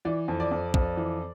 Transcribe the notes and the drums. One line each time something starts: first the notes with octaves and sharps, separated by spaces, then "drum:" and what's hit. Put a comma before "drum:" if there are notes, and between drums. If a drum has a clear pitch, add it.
E3 D5
F2
D5
F2
F2, drum: kick
E3